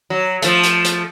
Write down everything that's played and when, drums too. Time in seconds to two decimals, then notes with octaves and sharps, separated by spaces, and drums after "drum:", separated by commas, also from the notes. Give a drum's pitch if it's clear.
0.10 F#3
0.42 F3 A3, drum: hi-hat
0.63 drum: hi-hat
0.84 drum: hi-hat